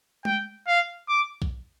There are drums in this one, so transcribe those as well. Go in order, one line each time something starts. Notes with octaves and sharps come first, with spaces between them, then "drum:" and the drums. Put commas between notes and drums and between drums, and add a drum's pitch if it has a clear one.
G5, drum: tom G#3
F5
D6
drum: kick